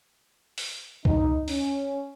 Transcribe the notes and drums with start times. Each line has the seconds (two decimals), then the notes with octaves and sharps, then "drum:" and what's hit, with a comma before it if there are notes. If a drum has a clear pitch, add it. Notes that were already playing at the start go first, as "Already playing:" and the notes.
0.58 drum: open hi-hat
1.05 D#4, drum: kick C#2
1.48 C#4, drum: open hi-hat